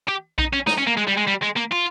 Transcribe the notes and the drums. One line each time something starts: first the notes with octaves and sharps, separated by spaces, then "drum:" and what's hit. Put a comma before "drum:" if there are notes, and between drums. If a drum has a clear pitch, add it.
G4
D#4, drum: kick A#1
C#4
D#4, drum: snare
C#4
A#3
G#3
G3
G#3
G3
G#3
A#3
F4